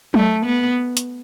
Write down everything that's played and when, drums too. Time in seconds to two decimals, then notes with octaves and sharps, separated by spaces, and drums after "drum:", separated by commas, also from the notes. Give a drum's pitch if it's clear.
0.14 A3, drum: tom F#3
0.46 B3
0.97 drum: hi-hat